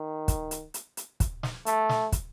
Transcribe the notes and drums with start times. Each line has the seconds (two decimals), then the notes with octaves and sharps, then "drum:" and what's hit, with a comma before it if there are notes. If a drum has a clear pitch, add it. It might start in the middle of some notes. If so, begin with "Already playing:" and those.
Already playing: D#3
0.28 drum: kick, hi-hat
0.51 drum: hi-hat
0.74 drum: hi-hat
0.97 drum: hi-hat
1.20 drum: kick, hi-hat
1.43 drum: snare
1.66 A3, drum: hi-hat
1.89 drum: snare
2.12 drum: kick, hi-hat